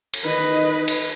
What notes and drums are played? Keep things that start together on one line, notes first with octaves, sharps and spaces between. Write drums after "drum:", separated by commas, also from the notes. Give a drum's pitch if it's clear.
drum: cymbal
D#3 B4 D#5
drum: cymbal